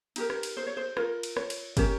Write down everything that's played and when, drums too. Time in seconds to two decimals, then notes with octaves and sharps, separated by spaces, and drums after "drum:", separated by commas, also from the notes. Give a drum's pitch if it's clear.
0.16 D#4 G4 A#4, drum: cymbal
0.30 drum: rim click
0.43 drum: cymbal
0.57 C5
0.67 C#5
0.77 C5
0.97 F4 A#4, drum: rim click
1.23 drum: cymbal
1.37 C#5, drum: rim click
1.50 drum: cymbal
1.77 C#4 G4 A#4, drum: kick, cymbal